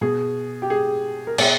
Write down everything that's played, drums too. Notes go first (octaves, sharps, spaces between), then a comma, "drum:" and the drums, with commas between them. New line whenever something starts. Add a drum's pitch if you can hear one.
B2 G#4
G4
G#4
A#4
B2 G#4, drum: cymbal